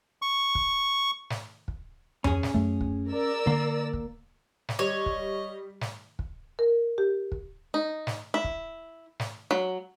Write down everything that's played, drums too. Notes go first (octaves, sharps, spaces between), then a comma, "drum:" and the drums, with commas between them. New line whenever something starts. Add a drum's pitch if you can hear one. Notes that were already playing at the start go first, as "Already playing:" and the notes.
C#6
drum: kick
drum: snare
drum: kick
C#4 G#4, drum: tom F2
drum: snare
F#2 A3
drum: kick
A#4 D5 E6
D3 A#3
drum: kick
drum: snare
G3 C#5 D#5
drum: kick
drum: snare
drum: kick
A#4
G4
drum: kick
D#4
drum: snare
E4
drum: kick
drum: snare
F#3